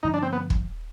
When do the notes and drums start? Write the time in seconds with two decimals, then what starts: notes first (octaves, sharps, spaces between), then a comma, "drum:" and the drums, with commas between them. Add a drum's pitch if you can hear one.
0.03 G2 D3 F3 D#4
0.14 D4
0.23 C4
0.33 B3
0.50 drum: kick